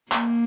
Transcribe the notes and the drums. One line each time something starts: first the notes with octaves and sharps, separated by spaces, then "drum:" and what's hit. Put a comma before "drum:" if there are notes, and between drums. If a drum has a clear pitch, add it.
A#3, drum: clap